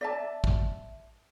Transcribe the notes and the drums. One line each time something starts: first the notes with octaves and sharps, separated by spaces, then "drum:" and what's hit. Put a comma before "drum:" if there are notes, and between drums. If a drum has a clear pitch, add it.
D5 E5 A5
drum: kick